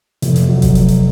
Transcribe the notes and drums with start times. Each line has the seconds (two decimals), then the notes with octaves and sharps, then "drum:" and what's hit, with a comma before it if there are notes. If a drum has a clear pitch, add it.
0.22 F1, drum: hi-hat
0.36 drum: hi-hat
0.48 F#3
0.62 drum: kick F1, hi-hat
0.75 drum: hi-hat
0.88 drum: hi-hat